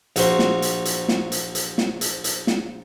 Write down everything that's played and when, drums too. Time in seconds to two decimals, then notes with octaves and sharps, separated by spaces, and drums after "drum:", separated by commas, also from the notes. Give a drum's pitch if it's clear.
0.16 A#1 F#4 C5, drum: hi-hat
0.39 drum: snare
0.62 drum: hi-hat
0.85 drum: hi-hat
1.09 drum: snare
1.32 drum: hi-hat
1.55 drum: hi-hat
1.78 drum: snare
2.01 drum: hi-hat
2.24 drum: hi-hat
2.47 drum: snare